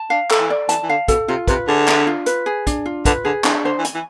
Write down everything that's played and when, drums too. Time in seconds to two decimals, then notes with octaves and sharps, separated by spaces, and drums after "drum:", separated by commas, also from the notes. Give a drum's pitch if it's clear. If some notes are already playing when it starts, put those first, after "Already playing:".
Already playing: A5
0.10 D4 F5
0.31 A4, drum: clap
0.40 E3
0.50 D5
0.69 E3 A5, drum: hi-hat
0.83 E3
0.89 D3 F5
1.08 B2 A4, drum: kick, hi-hat
1.28 C3 F4
1.48 C3 B4, drum: kick, hi-hat
1.68 D3 G#4
1.88 D4, drum: clap
2.07 F4
2.26 B4, drum: hi-hat
2.46 G#4
2.67 D4, drum: kick, hi-hat
2.85 F4
3.05 D3 B4, drum: kick, hi-hat
3.25 D3 G#4
3.44 E3 D4, drum: clap
3.65 D3 C5
3.79 E3
3.85 G#5, drum: hi-hat
3.94 E3